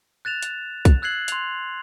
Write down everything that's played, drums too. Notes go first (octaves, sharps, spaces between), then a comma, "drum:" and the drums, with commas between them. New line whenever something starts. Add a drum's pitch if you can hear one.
F#6 A6 E7 F7
drum: hi-hat
drum: kick, hi-hat
E6 F#6 G#6 C7 F#7
C6 F#6 F7, drum: hi-hat